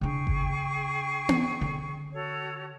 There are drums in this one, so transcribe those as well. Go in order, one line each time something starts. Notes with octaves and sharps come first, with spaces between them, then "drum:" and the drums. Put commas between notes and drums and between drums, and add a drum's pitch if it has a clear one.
C#3 D4 G#4 G5 C#6
drum: kick G1
drum: tom B3
D3
F#4 A4 C#5